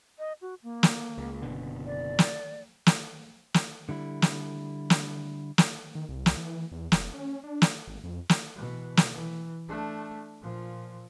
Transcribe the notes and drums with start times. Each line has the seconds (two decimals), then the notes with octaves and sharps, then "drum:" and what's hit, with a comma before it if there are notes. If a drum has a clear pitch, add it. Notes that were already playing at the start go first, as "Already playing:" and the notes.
0.19 D#5
0.41 F#4
0.63 A#3
0.83 drum: snare
1.18 C#2
1.42 F#1 B2 D3
1.85 D5
2.19 drum: snare
2.86 drum: snare
3.54 drum: snare
3.89 D3 G3 E4
4.22 drum: snare
4.90 drum: snare
5.58 drum: snare
5.95 D#3
6.09 C2
6.26 drum: snare
6.37 E3
6.72 E2
6.92 F1, drum: snare
7.14 C#4
7.44 D4
7.62 drum: snare
7.88 G#1
8.04 F2
8.29 drum: snare
8.56 B2 E3
8.97 drum: snare
9.13 E3
9.69 A3 D4
10.41 A#2 F3